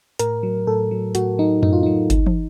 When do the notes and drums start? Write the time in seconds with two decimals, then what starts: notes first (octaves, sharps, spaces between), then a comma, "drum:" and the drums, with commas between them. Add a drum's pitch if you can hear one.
0.19 A2 A#4, drum: hi-hat
0.43 F#3
0.67 A2 A4
0.91 F#3
1.15 A2 F#4, drum: hi-hat
1.39 F#3 D#4
1.63 A2 D#4, drum: tom F#2
1.73 F4
1.83 F#3 D#4
2.10 C#2, drum: kick G1, hi-hat
2.26 drum: tom